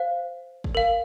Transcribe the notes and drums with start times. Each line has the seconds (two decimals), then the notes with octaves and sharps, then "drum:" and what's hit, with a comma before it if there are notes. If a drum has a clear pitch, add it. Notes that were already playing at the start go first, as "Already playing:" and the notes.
Already playing: C5 F5
0.64 drum: kick
0.75 A#4 F5